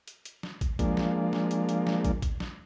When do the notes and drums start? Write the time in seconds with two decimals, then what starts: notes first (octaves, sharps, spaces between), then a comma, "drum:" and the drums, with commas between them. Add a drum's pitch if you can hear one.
0.08 drum: hi-hat
0.25 drum: hi-hat
0.43 drum: snare
0.61 drum: kick, hi-hat
0.79 F3 G#3 A#3 D4, drum: kick, hi-hat
0.97 drum: snare
1.33 drum: snare
1.51 drum: hi-hat
1.69 drum: hi-hat
1.87 drum: snare
2.05 drum: kick, hi-hat
2.22 drum: kick, hi-hat
2.40 drum: snare